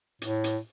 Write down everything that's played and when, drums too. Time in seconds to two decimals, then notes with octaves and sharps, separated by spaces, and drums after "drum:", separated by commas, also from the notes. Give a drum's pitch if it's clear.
0.22 A2, drum: hi-hat
0.44 drum: hi-hat